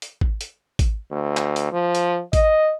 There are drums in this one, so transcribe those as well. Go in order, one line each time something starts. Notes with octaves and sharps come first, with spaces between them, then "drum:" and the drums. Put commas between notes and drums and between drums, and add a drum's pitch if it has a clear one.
drum: hi-hat
drum: kick G#1
drum: hi-hat
drum: kick G#1, hi-hat
D2
drum: clap
drum: hi-hat
F3
drum: hi-hat
D#5, drum: kick G#1, hi-hat